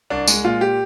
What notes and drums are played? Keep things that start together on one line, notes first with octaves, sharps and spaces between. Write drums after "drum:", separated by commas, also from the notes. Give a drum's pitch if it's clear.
C2 D4
G#3, drum: tambourine
A#2 F4
G4